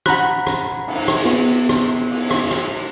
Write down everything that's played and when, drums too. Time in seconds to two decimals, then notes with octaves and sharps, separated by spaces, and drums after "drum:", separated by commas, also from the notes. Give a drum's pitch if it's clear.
0.06 F#5 A#5 B5 F#6, drum: rim click
0.47 drum: rim click
0.88 drum: cymbal
1.08 drum: rim click
1.22 B3 F4 G#4
1.69 drum: rim click
2.10 drum: cymbal
2.31 drum: rim click
2.51 drum: rim click